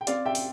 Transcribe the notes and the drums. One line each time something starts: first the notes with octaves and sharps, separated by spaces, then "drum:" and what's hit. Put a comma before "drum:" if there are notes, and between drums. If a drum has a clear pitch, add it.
G5
C4 D5 F5, drum: hi-hat
E5 G5
drum: open hi-hat